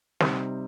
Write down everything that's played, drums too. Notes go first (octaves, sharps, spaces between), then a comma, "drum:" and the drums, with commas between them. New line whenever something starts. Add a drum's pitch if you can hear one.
C3 G3 C4 D#4, drum: snare